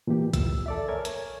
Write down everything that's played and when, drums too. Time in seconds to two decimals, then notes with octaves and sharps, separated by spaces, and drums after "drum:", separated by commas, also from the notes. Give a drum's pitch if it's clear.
0.07 A#2 E3 G4
0.33 E6, drum: kick A#1, hi-hat
0.66 A4 D5 E5
0.88 A#4 C#5 G#5 G#6
1.05 drum: hi-hat